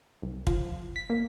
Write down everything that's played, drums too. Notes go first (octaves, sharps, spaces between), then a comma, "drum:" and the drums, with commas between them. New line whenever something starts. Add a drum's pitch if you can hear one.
C2
F3, drum: kick
B6
A#3